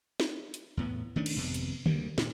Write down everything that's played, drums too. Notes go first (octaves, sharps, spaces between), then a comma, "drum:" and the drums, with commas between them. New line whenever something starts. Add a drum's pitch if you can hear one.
drum: snare
drum: hi-hat
E2 A2 B3
D#3 A3 C#4 D4
drum: cymbal
G#1 F2 C3 B3
drum: hi-hat
D2 G3 A#3, drum: tom D3
A#2, drum: snare